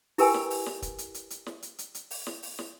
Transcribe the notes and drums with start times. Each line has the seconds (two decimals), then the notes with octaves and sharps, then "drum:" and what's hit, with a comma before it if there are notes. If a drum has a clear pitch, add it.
0.18 E4 G4 A#4 B4 G5 G#5, drum: open hi-hat
0.34 drum: snare
0.50 drum: open hi-hat
0.66 drum: snare
0.82 drum: kick, hi-hat
0.98 drum: hi-hat
1.14 drum: hi-hat
1.30 drum: hi-hat
1.46 drum: snare
1.62 drum: hi-hat
1.78 drum: hi-hat
1.95 drum: hi-hat
2.11 drum: open hi-hat
2.27 drum: snare
2.43 drum: open hi-hat
2.59 drum: snare